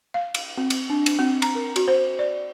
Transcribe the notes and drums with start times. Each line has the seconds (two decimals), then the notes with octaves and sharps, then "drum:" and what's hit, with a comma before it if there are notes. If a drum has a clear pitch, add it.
0.14 F5
0.34 drum: cymbal
0.58 C4
0.70 drum: cymbal
0.90 D4
1.06 drum: cymbal
1.19 C4
1.42 A#5, drum: cymbal
1.55 A#4
1.76 F#4, drum: cymbal
1.88 C5
2.19 D5